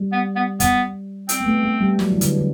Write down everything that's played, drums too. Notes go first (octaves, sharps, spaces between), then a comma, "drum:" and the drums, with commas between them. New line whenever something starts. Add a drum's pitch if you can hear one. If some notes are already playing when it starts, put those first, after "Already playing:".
Already playing: G3
B3
B3
B3, drum: kick, hi-hat
C4, drum: hi-hat
B3
A3
A3
G3
F#3, drum: snare
E3
D3, drum: hi-hat
D3